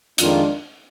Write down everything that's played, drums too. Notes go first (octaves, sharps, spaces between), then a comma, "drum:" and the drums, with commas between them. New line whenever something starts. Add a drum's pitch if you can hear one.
F2 D#3 G#3 D4 F4, drum: hi-hat